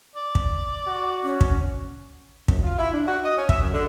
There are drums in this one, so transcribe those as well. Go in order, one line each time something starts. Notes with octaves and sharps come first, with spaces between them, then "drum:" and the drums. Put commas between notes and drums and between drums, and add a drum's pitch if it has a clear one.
D5
drum: kick
F#4
C#4
drum: kick
F#2, drum: kick
F4
E4
D4
F#4
D#5
C#4
E5, drum: kick
F#2
D3